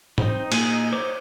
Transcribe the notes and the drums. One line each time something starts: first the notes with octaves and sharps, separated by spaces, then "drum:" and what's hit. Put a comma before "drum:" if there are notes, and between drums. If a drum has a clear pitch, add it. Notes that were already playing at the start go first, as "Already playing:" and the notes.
C4 D#4, drum: tom
A#2 G#4, drum: cymbal
C5 C#5 D6